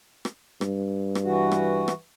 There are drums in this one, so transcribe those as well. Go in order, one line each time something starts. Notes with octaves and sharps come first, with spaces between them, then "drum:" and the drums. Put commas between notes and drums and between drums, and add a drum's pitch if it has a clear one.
drum: rim click
G2, drum: rim click
drum: rim click
E3 F#4
drum: rim click
drum: rim click